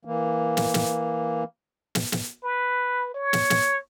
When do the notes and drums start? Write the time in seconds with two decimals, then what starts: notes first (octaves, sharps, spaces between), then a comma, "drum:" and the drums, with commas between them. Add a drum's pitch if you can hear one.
0.05 E3 A#3
0.57 drum: snare
0.74 drum: snare
1.95 drum: snare
2.12 drum: snare
2.44 B4
3.14 C#5
3.33 drum: snare
3.50 drum: snare